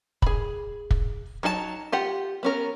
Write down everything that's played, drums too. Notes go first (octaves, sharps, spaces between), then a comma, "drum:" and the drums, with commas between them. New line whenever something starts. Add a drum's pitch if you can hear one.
G#4 B5, drum: kick
drum: kick
F#3 D#4 A4 A5
F4 G4 F#5
B3 C#4 A#4